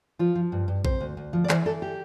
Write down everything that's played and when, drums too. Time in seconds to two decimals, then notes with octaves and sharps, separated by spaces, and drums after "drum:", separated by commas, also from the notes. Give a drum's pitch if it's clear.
0.19 F3 F4
0.36 F3
0.52 G2
0.68 G2
0.85 C3 C5, drum: kick A#1
1.01 D2
1.17 D2
1.33 F3
1.44 D5
1.49 E3 C5, drum: clap
1.66 E3 A4
1.82 G4